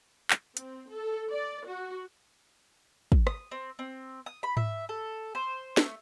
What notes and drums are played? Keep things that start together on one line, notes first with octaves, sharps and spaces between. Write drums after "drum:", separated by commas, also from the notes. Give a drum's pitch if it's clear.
drum: clap
C4, drum: hi-hat
A4
D5
F#4
drum: kick
D#6, drum: rim click
C4
C4
D#6
B5
E5, drum: tom G#2
A4
C5
A3, drum: snare